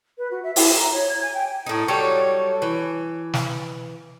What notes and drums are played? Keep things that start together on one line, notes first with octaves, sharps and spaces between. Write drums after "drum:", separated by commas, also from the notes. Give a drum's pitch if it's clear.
B4
F#4
E5
E4, drum: open hi-hat
A#5
C#5
G#6
G#5
G5
A2 D#4
F#3 G3 A4 C#5
E3
drum: snare